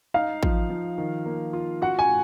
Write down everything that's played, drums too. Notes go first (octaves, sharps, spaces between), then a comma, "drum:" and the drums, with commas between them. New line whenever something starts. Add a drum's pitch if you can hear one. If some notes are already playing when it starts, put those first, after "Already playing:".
D#4 F5
F3, drum: kick A1
F3
D#3
A#3
F4
F#4 F#5
G#5